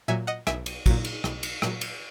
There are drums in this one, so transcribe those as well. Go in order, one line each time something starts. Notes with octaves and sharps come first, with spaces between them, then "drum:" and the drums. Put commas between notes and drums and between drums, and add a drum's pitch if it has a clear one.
A#2 F#3 E5 G#5
D#5 F#5
B1 E5 G#5, drum: rim click
drum: cymbal
A#2 F#3, drum: kick, cymbal
drum: cymbal
B1, drum: rim click
drum: cymbal
A#2 F#3, drum: rim click
drum: cymbal